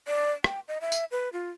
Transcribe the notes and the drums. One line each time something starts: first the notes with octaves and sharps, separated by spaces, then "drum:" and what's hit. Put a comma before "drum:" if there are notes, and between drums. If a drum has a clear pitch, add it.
D5
G5, drum: rim click
D#5
E5
drum: tambourine
B4
F4